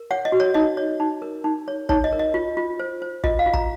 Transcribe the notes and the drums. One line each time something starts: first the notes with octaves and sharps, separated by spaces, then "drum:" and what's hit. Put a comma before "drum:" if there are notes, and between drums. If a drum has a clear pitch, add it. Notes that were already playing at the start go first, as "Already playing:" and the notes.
Already playing: A#4
C#5 F#5
D#5
F#4
C#5
D#4 D#5
C#5
D#4
A#4
D#4
C#5
D#4 C#5, drum: kick
D#5
A#4
D#5
F4
F4
C5
C5
F4 D#5, drum: kick
F5
F4
A#5, drum: kick